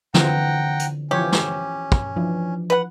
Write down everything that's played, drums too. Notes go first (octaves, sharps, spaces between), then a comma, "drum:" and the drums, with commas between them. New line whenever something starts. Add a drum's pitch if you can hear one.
D3 E3 F3 C4 F#5 G5 A#5, drum: snare
drum: hi-hat
E3 F3 C#4 G4 C#5
drum: snare
drum: kick
E3 F3 D4
B4 F#5